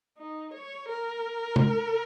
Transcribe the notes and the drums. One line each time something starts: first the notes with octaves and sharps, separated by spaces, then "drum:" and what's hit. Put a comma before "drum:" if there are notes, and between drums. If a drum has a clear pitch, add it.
D#4
C#5
A#4
drum: tom C3